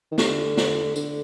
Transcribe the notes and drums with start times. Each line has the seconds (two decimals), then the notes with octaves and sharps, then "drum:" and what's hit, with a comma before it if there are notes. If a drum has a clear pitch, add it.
0.12 D#3
0.18 D3, drum: snare
0.57 drum: snare
0.96 D3, drum: tambourine